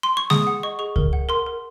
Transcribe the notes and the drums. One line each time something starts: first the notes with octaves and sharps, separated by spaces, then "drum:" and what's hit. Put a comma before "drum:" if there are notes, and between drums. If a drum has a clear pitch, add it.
C6
C#6
G#4 D#6, drum: snare G#3
F#5
D#5 C#6
G#4 C#6
A#4, drum: kick C#2
F#5
A#4 C6
A#4